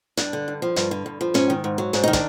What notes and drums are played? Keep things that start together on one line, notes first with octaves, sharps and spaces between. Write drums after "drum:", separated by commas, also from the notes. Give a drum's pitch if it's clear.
G2 D4, drum: hi-hat
D3
G2
F3
G2, drum: hi-hat
D3
G2
F3
G#2 C#4, drum: hi-hat
D#3
G#2
F#3
G#2 D4, drum: hi-hat
D#3 D#4
D4, drum: kick, hi-hat